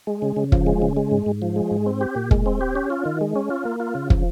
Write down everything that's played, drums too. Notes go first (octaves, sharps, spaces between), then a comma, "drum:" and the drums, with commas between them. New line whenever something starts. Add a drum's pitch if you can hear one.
G#3
C#3
C#3
F3, drum: kick
G#3
C#3
G#3
G#2
G#2
F3
G#3
G#2
C4
G4
A#2
G#3, drum: kick
C4
G4
C#4
F4
D#3
G#3
C#4
F4
A#3
F4
C#3
F3, drum: kick